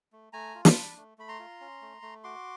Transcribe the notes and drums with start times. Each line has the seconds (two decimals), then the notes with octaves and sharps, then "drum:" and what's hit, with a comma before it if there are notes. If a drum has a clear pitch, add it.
0.12 A3
0.33 A3 G#5 A#5
0.55 F4
0.65 A5 B5, drum: snare
0.76 D4
0.97 A3
1.18 A3 B5
1.28 A#5 C6
1.39 F4
1.60 C#4
1.82 A3
2.02 A3
2.24 F#4 C6 D6